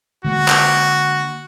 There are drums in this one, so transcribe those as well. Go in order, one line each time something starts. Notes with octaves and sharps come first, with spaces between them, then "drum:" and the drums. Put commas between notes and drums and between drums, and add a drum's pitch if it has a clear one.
D3 G#3 A#3 F#4
drum: clap